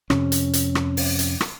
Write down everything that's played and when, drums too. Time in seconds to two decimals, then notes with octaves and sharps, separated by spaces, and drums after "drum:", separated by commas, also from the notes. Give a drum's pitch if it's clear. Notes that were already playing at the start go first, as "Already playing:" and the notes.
0.10 F2 C3 C#4, drum: rim click
0.32 drum: hi-hat
0.53 drum: hi-hat
0.75 drum: rim click
0.97 drum: open hi-hat
1.19 drum: hi-hat
1.41 drum: rim click